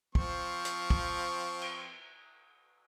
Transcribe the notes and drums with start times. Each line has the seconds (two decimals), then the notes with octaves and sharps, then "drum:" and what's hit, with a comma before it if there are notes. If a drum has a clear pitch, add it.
0.15 F3 C4 C#6, drum: kick
0.65 drum: hi-hat
0.90 drum: kick
1.62 drum: cymbal